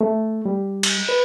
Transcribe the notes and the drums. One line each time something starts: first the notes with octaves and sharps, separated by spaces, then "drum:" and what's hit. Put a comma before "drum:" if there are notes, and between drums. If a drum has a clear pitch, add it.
A3
G3
drum: cymbal
B4